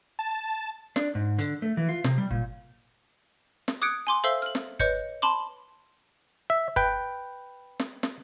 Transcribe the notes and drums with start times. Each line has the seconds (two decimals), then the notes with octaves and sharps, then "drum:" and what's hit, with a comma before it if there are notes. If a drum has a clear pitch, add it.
0.19 A5
0.96 D4, drum: snare
1.15 G#2
1.39 D3, drum: hi-hat
1.62 A3
1.77 E3
1.89 F4
2.04 C3, drum: snare
2.18 G3
2.31 A#2, drum: kick G1
3.68 drum: snare
3.82 D6 D#6 F#6 G#6 C#7 D7
4.07 G#5 C6 D6
4.24 A4 C5 E5 F5 E6 G7
4.42 F6 F#7
4.55 drum: snare
4.79 B4 C#5 D#5 G6 C#7, drum: kick G1
5.22 A5 B5 C6 D6
6.50 E5
6.76 B4 G5, drum: kick G1
7.80 drum: snare
8.03 drum: snare